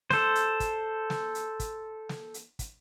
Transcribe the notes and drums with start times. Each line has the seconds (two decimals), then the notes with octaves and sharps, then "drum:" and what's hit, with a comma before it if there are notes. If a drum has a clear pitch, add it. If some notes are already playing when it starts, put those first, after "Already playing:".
0.10 A4 C5, drum: snare
0.35 drum: hi-hat
0.60 drum: kick, hi-hat
1.10 drum: snare
1.35 drum: hi-hat
1.60 drum: kick, hi-hat
2.09 drum: snare
2.34 drum: hi-hat
2.59 drum: kick, hi-hat